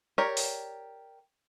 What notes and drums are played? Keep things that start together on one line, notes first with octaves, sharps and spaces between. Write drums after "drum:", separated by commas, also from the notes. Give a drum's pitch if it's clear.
G4 A#4 C#5 D5
drum: open hi-hat